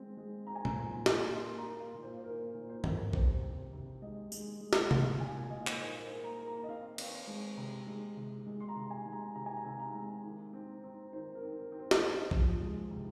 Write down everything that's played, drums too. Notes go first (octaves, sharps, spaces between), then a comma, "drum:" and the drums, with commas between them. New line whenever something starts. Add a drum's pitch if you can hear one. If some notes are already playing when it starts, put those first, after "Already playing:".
Already playing: G#3 C4
G#3
C4 A#5
G#5
A#5, drum: tom A#2
A#2
A#2, drum: snare
A#3 C6
A#5
A#3
F5
A#2
C5
C5
A#3 A#4
A#2
C5
A#3, drum: tom
C3 C5, drum: kick A#1
C3
C3
G#3 D#5
G#3, drum: tambourine
G#3
drum: snare
A#2 F5, drum: tom
A#2 G#5
A#2 D#5
F5
D#5, drum: clap
A#3 C5
A#4
C5
A#3
A#5
A#3
A#5
D#5
C4 F5
C4, drum: cymbal
G#3
C3
G#3
C3
G#3
C6
A#5
C3
G#5
G#3
A#5
C3 A#5
G#5
A#5
C3
A#5
G#3
D#3
C4
C4
D#3 C5
A#4
C4
A#4
C4
C5
drum: snare
C4 D#5
F3, drum: kick A#1
G#3
C3